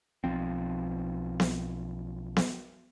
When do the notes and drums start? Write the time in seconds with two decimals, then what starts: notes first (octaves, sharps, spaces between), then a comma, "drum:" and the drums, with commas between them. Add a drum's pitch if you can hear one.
0.24 B1 F3 C4
1.40 drum: snare B3
2.36 drum: snare B3